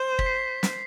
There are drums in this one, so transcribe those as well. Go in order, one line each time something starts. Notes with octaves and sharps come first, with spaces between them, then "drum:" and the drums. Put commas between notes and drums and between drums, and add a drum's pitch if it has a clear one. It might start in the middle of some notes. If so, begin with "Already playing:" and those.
Already playing: C5
B6, drum: kick
C7
B6
drum: snare